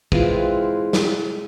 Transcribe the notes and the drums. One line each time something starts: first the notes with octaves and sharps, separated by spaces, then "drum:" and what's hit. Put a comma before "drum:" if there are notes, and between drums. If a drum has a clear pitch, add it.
E3 G#3 C4 F4, drum: kick
drum: snare